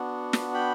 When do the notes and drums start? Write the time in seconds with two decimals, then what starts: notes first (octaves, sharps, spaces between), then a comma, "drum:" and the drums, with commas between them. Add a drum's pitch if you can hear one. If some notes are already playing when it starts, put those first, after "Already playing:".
Already playing: B3 D4 F#4
0.33 drum: snare
0.54 G5 B5